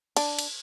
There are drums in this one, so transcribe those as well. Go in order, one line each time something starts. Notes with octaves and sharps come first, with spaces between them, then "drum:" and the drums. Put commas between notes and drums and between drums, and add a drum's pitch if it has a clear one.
D4, drum: cymbal
drum: cymbal